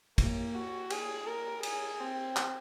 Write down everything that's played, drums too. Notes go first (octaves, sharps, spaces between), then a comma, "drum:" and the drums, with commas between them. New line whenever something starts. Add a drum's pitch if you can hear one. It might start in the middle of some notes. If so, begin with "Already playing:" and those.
A#3, drum: kick, cymbal
F#4
G#4, drum: cymbal
A#4
G#4, drum: cymbal
C4
drum: clap